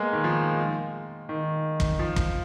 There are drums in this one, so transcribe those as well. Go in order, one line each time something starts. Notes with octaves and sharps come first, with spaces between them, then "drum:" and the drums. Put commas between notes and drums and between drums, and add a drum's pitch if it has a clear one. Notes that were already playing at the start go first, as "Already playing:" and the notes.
Already playing: G#3 A#3 B3
D#3
F3
D#3
drum: kick
F3
drum: kick